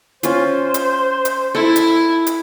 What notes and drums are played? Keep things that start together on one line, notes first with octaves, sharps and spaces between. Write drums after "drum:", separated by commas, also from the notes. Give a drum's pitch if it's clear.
C#4 F4 C5, drum: hi-hat
drum: hi-hat
drum: hi-hat
E4 A4
drum: hi-hat
drum: hi-hat